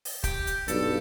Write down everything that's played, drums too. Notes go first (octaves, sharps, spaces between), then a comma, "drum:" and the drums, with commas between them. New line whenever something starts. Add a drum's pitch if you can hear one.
drum: open hi-hat
G4, drum: kick, hi-hat
drum: hi-hat
B1 G2 A4, drum: hi-hat